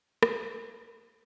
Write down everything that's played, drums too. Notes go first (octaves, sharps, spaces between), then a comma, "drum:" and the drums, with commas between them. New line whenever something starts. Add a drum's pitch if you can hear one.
G#3 B3 F4 C5 E5 B5, drum: rim click